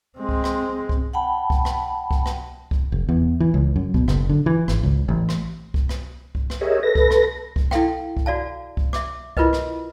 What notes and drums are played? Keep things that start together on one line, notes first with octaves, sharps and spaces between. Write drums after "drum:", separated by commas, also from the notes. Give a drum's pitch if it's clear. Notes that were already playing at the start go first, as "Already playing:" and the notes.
G#3 C4
drum: kick C2
drum: rim click
drum: kick C2
F#5 G5 A5 B5
drum: kick C2
drum: rim click
drum: kick C2
drum: rim click
drum: kick C2
F1
E2
E3
C#2
F#2
B2, drum: kick C2
F#1, drum: rim click
D3
E3
G#1, drum: rim click
C#2
A1
drum: rim click
drum: kick C2
drum: rim click
drum: kick C2
drum: rim click
G4 G#4 A#4 C#5 D#5 E5
A4 B4 A#6
drum: kick C2
drum: rim click
drum: kick C2
E4 A4 F5 G5, drum: rim click
drum: kick C2
F#4 D5 F5 A5
drum: kick C2
E5 D6, drum: rim click
E4 F4 A#4 B4 D#5, drum: kick C2
drum: rim click